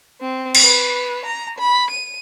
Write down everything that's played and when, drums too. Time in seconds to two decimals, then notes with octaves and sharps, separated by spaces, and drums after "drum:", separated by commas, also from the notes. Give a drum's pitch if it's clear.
0.21 C4
0.55 drum: cymbal
0.64 B4
1.26 A#5
1.59 B5
1.90 D#7